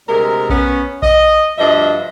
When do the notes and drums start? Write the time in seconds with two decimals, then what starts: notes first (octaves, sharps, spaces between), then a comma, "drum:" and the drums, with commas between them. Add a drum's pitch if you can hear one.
0.08 D2 C3 G#3 A#4
0.50 B3 C#4, drum: kick A#1
1.02 D#5, drum: kick A#1
1.57 D2 G2 F3 D4 D#5 E5